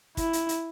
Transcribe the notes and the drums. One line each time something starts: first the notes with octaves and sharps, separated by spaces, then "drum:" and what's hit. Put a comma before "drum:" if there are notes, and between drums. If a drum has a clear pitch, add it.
E4, drum: kick, hi-hat
drum: hi-hat
drum: hi-hat